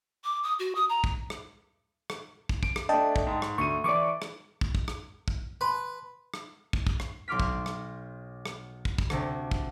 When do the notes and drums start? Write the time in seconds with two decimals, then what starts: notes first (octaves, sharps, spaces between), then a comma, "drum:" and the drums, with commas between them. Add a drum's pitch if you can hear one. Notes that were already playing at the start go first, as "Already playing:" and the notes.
0.24 D6
0.43 D#6
0.59 F#4
0.75 D#6
0.89 A#5
1.04 drum: kick
1.30 drum: rim click
2.10 drum: rim click
2.49 drum: kick
2.63 D7, drum: kick
2.76 drum: rim click
2.89 A3 D4 D#5 G5 A5
3.16 drum: kick
3.27 G#2
3.42 drum: rim click
3.58 D2 C6 C#6 D#7
3.84 E3 D5 C#6 D6
4.22 drum: rim click
4.61 drum: kick
4.75 drum: kick
4.88 drum: rim click
5.28 drum: kick
5.61 B4 A5 C6
6.34 drum: rim click
6.73 drum: kick
6.87 drum: kick
7.00 drum: rim click
7.28 B1 C6 D6 F6 B6
7.40 drum: kick
7.66 drum: rim click
8.46 drum: rim click
8.85 drum: kick
8.98 drum: kick
9.10 D2 C3, drum: rim click
9.51 drum: kick